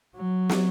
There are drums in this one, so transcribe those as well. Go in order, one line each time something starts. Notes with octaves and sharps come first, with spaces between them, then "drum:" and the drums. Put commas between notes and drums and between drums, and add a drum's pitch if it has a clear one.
F#3
drum: snare